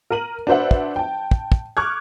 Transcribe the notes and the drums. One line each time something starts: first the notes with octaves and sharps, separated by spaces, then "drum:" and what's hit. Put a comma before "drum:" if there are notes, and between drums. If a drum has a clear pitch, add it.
A#4 A#5 D#7 F#7
D4 F#4 B4 C5 E5 F#5
drum: kick
G5 A5
drum: kick
drum: kick
C#6 D6 F6 F#6 G#6